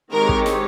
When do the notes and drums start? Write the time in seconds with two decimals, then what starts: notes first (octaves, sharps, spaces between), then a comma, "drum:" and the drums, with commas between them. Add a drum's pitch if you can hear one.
0.11 D#3 G#3 C4 G4 A#4 C#5
0.29 drum: kick
0.46 drum: snare